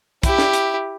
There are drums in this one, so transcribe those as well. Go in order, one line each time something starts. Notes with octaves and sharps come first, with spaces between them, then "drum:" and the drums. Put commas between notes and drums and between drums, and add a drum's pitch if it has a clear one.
E4 G4, drum: kick, hi-hat
drum: snare
drum: hi-hat